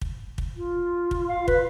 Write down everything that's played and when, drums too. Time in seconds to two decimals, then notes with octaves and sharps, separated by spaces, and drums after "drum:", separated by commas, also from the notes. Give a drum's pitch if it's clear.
0.01 drum: kick
0.38 drum: kick
0.56 F4
1.11 drum: kick
1.29 F5
1.48 B4, drum: kick